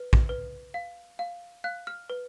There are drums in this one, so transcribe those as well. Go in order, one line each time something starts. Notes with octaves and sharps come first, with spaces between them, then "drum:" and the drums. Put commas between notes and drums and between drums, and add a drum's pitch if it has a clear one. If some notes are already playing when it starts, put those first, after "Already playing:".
Already playing: B4
drum: kick
B4
F5
F5
F5 F#6
F6
B4